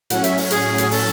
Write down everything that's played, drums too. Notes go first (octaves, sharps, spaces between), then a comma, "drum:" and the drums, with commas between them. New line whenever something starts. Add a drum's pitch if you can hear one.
A2 F#3 C#4 F#5, drum: hi-hat
E5, drum: hi-hat
drum: open hi-hat
G#4, drum: hi-hat
drum: hi-hat
A4, drum: open hi-hat